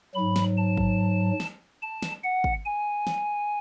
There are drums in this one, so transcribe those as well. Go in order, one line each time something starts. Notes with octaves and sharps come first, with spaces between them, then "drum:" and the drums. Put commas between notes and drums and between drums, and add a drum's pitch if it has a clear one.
F#3 B5
G#2
drum: snare
A5
drum: kick
drum: snare
A5
drum: snare
F#5
drum: kick
G#5
drum: snare